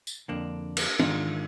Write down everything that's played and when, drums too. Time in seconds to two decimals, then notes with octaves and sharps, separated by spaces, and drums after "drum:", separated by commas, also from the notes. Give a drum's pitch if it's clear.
0.07 drum: tambourine
0.28 F2 D3 A#3 D4
0.77 drum: cymbal
0.99 G#2 D#3 D4 F4, drum: tom